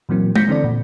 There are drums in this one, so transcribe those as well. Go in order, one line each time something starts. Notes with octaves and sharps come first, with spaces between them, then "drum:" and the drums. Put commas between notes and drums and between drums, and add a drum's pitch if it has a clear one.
A#2 E3 F#3 A#3 C4
G6 A#6 B6 C#7, drum: tom G#3
D3 E3 C4 A4 D5
A#2